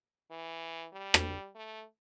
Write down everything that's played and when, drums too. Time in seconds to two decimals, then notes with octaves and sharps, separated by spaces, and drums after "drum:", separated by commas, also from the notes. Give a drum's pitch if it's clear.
0.31 E3
0.93 G3
1.14 drum: rim click
1.55 A3